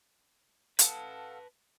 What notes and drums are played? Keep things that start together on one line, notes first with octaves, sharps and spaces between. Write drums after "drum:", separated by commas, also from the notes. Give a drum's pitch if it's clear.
A4 B4 F5 F#5 A5, drum: hi-hat